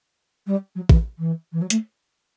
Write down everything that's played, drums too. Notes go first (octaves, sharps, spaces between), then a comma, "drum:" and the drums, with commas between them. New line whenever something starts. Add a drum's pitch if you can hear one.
G3
F#3
E3, drum: kick
E3
E3
F#3
A3, drum: hi-hat